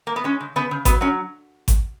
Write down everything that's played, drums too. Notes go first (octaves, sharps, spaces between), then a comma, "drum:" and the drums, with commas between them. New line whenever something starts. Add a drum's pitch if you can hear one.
A#3
B3
G#3 C#4
C#3
C#3 B3
C#3
F#3 B3, drum: kick G#1, hi-hat
F#3 C#4
drum: kick G#1, hi-hat